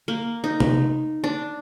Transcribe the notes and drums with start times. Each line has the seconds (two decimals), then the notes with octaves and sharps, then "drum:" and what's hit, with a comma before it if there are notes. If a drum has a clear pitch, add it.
0.08 A#3
0.44 D#4
0.60 drum: tom C3
1.24 D4